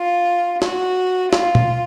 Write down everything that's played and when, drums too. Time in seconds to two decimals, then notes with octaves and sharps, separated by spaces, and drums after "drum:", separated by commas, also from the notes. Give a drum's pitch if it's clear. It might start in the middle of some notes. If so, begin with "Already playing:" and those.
Already playing: F4
0.62 F#4, drum: snare
1.33 F4, drum: snare
1.55 drum: tom